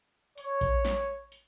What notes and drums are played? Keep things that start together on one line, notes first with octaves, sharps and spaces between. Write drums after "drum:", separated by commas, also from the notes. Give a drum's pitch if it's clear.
C#5, drum: hi-hat
drum: kick A#1, hi-hat
drum: snare
drum: hi-hat